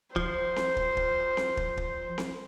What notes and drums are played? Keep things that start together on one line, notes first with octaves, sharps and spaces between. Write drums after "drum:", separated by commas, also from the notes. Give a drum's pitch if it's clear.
F3 C5, drum: kick
drum: snare C4
drum: kick
drum: kick
drum: snare C4
drum: kick
drum: kick
drum: snare C4